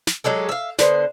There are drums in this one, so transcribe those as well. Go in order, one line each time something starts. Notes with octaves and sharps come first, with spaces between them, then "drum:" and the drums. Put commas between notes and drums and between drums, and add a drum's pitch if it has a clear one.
drum: snare
F#3 G#3 G4 A4
E5 F5
D3 B3 C5, drum: snare